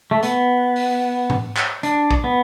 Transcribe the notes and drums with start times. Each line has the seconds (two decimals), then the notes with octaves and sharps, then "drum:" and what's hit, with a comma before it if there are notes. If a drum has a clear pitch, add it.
0.11 A3
0.23 B3, drum: hi-hat
0.76 drum: open hi-hat
1.30 drum: tom G#2
1.57 drum: clap
1.83 D4, drum: hi-hat
2.11 drum: kick
2.24 B3